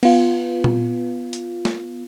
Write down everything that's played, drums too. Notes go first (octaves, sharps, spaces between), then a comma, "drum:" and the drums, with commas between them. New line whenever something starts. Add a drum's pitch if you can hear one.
B3 F4, drum: cymbal
drum: tom A#2
drum: hi-hat
drum: snare